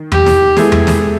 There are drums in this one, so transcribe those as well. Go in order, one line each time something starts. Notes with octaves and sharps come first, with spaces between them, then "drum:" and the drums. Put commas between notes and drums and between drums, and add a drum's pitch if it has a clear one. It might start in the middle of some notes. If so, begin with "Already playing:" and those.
Already playing: D#3
G4, drum: tom E2
drum: snare
G#3 B3 E4 G#4 A4, drum: snare
drum: tom E2
drum: snare